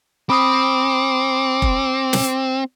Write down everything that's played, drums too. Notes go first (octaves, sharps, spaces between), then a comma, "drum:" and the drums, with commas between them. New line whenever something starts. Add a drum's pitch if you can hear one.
C4 B5 D6 D#6
drum: kick F1
drum: snare